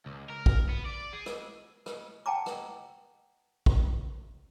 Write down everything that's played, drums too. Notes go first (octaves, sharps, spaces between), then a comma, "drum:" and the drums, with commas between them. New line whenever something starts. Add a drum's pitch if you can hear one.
C#2
A#4
drum: kick
B3
D5
G#4
drum: rim click
drum: rim click
F#5 G5 A5 A#5 D6
drum: rim click
drum: kick